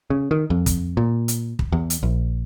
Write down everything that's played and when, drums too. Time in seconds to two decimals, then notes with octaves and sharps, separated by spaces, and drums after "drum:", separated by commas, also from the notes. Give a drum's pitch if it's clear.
0.10 C#3
0.31 D#3
0.50 F2
0.66 drum: kick, hi-hat
0.97 A#2
1.28 drum: hi-hat
1.59 drum: kick
1.72 E2
1.90 drum: hi-hat
2.03 A#1